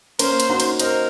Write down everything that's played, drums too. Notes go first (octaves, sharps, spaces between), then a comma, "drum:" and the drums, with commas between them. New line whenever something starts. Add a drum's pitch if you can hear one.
A#3 C#4 C5, drum: cymbal
drum: cymbal
D#4 F#4
drum: cymbal
A#4 C5 D#5, drum: cymbal